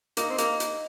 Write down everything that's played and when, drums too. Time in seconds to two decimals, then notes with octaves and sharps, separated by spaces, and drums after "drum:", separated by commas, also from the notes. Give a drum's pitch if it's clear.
0.17 A#3 D#4, drum: hi-hat
0.30 C4
0.38 A#3, drum: hi-hat
0.60 drum: hi-hat